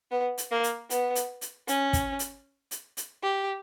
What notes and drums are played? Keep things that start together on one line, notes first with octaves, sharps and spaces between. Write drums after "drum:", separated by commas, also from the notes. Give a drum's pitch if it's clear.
B3
drum: hi-hat
A#3
drum: hi-hat
B3, drum: hi-hat
drum: hi-hat
drum: hi-hat
C#4, drum: hi-hat
drum: kick, hi-hat
drum: hi-hat
drum: hi-hat
drum: hi-hat
G4